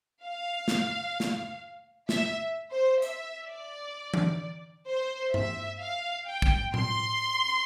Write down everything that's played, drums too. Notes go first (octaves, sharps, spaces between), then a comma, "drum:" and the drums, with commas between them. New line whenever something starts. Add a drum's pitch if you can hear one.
F5
drum: snare
drum: snare
E5, drum: snare
C5
E5, drum: hi-hat
D5
drum: tom E3
C5
E5, drum: tom G2
F5
G5
drum: kick
C6, drum: tom A2